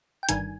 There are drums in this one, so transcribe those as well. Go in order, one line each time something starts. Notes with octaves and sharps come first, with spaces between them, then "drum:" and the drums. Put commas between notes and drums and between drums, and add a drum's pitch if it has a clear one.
G5
G1 G2 D#3 G#5, drum: hi-hat